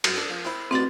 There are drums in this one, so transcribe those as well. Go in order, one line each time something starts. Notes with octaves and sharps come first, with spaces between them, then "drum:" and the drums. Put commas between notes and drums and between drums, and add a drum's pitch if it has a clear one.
F#2, drum: cymbal
D4 A4 G5
F3
C4 E4
A1 B2 C4 D5 A6